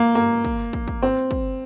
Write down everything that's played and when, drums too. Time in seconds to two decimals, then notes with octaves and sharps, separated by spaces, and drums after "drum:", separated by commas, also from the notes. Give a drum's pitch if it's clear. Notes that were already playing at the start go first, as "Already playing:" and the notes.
Already playing: A#3
0.15 A#3
0.45 drum: kick
0.73 drum: kick
0.88 drum: kick
1.03 C4
1.31 drum: kick